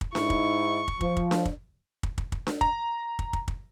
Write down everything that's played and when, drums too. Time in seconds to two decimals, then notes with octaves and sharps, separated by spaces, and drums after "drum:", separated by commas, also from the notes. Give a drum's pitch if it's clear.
0.01 drum: kick
0.15 G#2 D#4 E4 C#6, drum: snare D4
0.30 drum: kick
0.88 drum: kick
1.01 F3, drum: kick
1.17 drum: kick
1.31 drum: snare D4
1.45 drum: kick
2.03 drum: kick
2.18 drum: kick
2.32 drum: kick
2.47 drum: snare D4
2.61 A#5, drum: kick
3.19 drum: kick
3.33 drum: kick
3.48 drum: kick